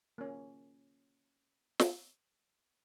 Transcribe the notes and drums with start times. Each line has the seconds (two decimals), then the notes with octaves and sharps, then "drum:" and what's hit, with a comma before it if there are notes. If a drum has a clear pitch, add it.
0.18 A#3 C#4
1.80 drum: snare